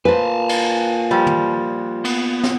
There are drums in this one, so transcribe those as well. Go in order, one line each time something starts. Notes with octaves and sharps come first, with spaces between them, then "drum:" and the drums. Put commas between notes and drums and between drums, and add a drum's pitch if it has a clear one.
A#2 B4 C5 G#5 A5
drum: cymbal
F3 G3
drum: tom
B3, drum: cymbal
drum: snare